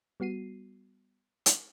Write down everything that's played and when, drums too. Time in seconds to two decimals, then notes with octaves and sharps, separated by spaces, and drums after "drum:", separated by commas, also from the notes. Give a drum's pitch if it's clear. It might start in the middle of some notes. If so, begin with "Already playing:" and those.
0.20 G3 B3 F#4 C7 D#7
1.46 drum: hi-hat